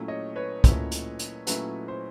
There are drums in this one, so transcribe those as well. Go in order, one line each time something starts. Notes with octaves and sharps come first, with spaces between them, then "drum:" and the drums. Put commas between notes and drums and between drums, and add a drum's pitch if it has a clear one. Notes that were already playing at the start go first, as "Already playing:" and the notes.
Already playing: A#2 F#3 A3 C#4 E4
C#5 D#5
B4 C#5
A#2 F#3 A3 C#4 E4, drum: kick, hi-hat
drum: hi-hat
drum: hi-hat
A#2 F#3 A3 C#4 E4 B4, drum: hi-hat
C5